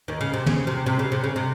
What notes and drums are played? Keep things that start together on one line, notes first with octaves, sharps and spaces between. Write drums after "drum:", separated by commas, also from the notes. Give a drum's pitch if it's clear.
D#2 D#3
C#3
C3
C#3, drum: tom
C3
C3
C#3
C3
C#3
C3